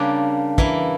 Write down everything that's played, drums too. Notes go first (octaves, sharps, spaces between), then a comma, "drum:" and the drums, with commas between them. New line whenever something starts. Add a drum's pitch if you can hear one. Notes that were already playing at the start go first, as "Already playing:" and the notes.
Already playing: C#3 G3 A#3 D4
E3 A#3 E4, drum: kick